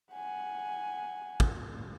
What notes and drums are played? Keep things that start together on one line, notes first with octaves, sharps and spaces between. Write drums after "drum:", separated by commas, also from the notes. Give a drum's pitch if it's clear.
F#5 G#5
drum: kick